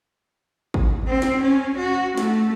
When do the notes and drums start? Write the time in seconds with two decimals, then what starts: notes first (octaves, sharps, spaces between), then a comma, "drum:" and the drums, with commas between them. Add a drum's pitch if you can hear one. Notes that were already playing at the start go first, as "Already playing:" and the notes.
0.74 drum: kick
1.07 C4
1.22 drum: snare
1.42 C#4
1.78 F#4
2.18 A3, drum: snare